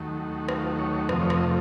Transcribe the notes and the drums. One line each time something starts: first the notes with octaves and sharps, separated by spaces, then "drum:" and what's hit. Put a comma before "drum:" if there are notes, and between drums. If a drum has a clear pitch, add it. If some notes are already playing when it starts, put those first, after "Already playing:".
Already playing: D#2 D#3 F#3 A3
F4, drum: rim click
C#5
F2 C3 F3 A3 D#5, drum: rim click
C#5
D#5, drum: rim click